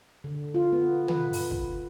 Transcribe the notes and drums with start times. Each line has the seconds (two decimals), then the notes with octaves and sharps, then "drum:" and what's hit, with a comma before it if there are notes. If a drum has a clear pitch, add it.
0.24 D3
0.54 F4
0.73 B3
1.08 B4, drum: tom
1.33 drum: open hi-hat
1.51 drum: kick